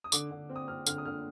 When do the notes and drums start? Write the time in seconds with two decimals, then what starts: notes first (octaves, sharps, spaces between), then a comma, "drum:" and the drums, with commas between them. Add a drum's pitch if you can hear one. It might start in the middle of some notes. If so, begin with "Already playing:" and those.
0.04 D#6
0.12 D3 D6, drum: tambourine
0.31 D3
0.49 C4
0.56 D#6
0.68 C4 F6
0.86 D3 F6, drum: tambourine
0.98 D#6
1.05 D3 F6